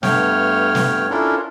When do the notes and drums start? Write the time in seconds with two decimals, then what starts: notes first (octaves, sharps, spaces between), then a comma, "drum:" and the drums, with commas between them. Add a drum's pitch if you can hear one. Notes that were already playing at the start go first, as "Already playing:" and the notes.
0.03 G2 A3 B3 C#5 G5 F6, drum: snare
0.75 drum: snare
1.10 C#4 D4 E4 F4 A4 A#4